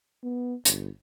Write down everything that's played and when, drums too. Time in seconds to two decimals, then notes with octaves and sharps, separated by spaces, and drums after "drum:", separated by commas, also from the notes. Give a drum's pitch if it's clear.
0.23 B3
0.65 G1, drum: hi-hat